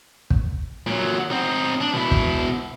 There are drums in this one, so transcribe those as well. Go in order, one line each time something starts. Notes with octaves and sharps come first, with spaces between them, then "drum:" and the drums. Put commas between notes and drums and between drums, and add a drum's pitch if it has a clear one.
drum: kick
A#2 F#3
C4 D#4
D4
B2 E4
drum: kick